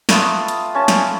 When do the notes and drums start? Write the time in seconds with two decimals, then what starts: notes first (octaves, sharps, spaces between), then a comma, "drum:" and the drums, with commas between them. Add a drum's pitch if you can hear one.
0.09 A3 B3 F4 D#6, drum: snare
0.48 drum: hi-hat
0.75 C#4 A5
0.88 drum: snare